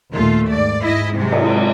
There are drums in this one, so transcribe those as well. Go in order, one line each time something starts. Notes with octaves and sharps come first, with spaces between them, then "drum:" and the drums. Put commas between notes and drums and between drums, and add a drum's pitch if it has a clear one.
D#2 A#2 A3 F4
G#2 D5
G#2 E4 D#5
C3 F#3 G#3
drum: cymbal